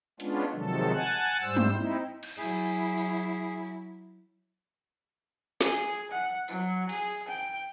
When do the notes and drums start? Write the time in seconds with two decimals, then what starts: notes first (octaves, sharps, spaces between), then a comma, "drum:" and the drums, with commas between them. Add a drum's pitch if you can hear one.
0.20 G#3 B3 C#4 D4 F4, drum: hi-hat
0.54 C3 D#3 F3 F#3 G#3 A4
0.93 F#5 G#5 A5 F#6
1.42 G#2 G3 C5 E6
1.57 drum: tom
1.74 C4 D#4 E4
2.23 drum: cymbal
2.38 F#3 E4 G#4
2.98 drum: tambourine
5.61 G#4, drum: snare
6.11 F#5
6.48 F#3, drum: tambourine
6.89 G#4, drum: cymbal
7.29 G5